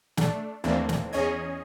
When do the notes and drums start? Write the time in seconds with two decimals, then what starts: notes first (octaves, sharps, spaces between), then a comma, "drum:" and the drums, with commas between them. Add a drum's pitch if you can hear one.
0.17 A3 D4, drum: snare
0.64 D#2 E3 A3 A#3 C4 D4
0.89 drum: snare
1.13 E2 C#4 G#4 C#5 D#5 G#6